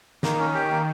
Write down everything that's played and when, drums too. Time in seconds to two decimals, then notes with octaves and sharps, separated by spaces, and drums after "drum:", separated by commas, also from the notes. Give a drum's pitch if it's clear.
0.23 D#3 A#3, drum: snare
0.39 C#4
0.54 G4
0.71 A#3